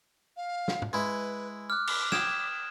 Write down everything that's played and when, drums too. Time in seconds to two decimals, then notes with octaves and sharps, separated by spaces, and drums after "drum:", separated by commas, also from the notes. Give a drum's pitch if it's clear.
0.37 F5
0.68 drum: snare
0.82 drum: tom G#2
0.93 G#3 E4 B4
1.70 D6 F6 F#6
1.87 drum: cymbal
2.12 G5 D#6 G#6 E7, drum: snare